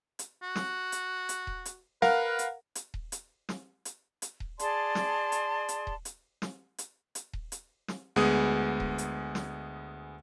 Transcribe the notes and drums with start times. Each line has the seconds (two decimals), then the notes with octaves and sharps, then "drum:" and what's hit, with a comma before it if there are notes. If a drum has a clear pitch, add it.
0.19 drum: hi-hat
0.42 F#4
0.56 drum: snare
0.92 drum: hi-hat
1.29 drum: hi-hat
1.47 drum: kick D#1
1.65 drum: hi-hat
2.02 A#4 B4 F5 F#5, drum: snare
2.39 drum: hi-hat
2.75 drum: hi-hat
2.94 drum: kick D#1
3.12 drum: hi-hat
3.49 drum: snare
3.85 drum: hi-hat
4.22 drum: hi-hat
4.40 drum: kick D#1
4.59 G#4 D5 A5 C6, drum: hi-hat
4.95 drum: snare
5.32 drum: hi-hat
5.69 drum: hi-hat
5.87 drum: kick D#1
6.05 drum: hi-hat
6.42 drum: snare
6.78 drum: hi-hat
7.15 drum: hi-hat
7.33 drum: kick D#1
7.52 drum: hi-hat
7.88 drum: snare
8.16 D2 G#3 B3 G#4 D#6
8.80 drum: kick D#1
8.98 drum: hi-hat
9.35 drum: snare